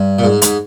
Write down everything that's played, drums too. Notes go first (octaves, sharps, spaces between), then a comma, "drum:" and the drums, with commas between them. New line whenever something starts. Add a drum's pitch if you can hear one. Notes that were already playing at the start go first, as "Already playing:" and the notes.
Already playing: G2
A#2
G#2
G#2, drum: hi-hat